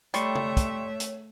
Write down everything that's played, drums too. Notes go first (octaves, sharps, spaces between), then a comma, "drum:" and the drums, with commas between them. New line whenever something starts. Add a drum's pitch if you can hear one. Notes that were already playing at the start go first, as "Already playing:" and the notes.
G3 A3 C#5 E5 G5 C6 C#6, drum: hi-hat
drum: tom C#3
drum: kick, hi-hat
drum: hi-hat